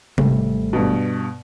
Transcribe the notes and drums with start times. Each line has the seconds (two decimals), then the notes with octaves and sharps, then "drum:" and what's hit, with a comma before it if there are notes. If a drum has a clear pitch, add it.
0.18 G#1 G3 A3, drum: tom C3
0.73 G2 B2